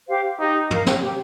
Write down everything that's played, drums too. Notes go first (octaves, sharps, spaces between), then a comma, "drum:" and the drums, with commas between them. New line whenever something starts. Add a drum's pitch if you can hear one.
G4 C5 F5
D#4 G4
A#4 F5, drum: tom
drum: snare
G4